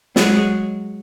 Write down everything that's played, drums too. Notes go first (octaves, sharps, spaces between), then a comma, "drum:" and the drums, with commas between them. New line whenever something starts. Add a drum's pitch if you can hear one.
F#3 G#3, drum: snare